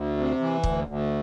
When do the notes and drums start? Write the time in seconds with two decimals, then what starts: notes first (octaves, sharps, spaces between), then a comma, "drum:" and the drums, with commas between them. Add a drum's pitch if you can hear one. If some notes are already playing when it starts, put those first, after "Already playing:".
Already playing: D2
0.17 C3
0.40 E3
0.64 D2, drum: kick
0.87 D2